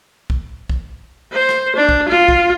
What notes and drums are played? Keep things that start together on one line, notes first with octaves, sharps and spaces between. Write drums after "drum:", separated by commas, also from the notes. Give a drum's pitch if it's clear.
drum: kick B1
drum: kick B1
C5
drum: rim click
D4
drum: kick B1
F4
drum: kick B1